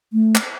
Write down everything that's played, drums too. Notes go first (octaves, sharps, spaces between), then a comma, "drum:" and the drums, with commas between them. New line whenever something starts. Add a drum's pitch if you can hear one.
A3
drum: clap